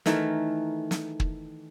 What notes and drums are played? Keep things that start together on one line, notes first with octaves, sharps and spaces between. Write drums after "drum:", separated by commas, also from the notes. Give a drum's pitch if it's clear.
D#3 E3 A3 A#4, drum: snare
drum: snare
drum: kick